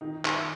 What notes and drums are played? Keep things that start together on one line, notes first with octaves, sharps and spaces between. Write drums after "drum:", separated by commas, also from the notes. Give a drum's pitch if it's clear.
D#3 D#4
D#3, drum: clap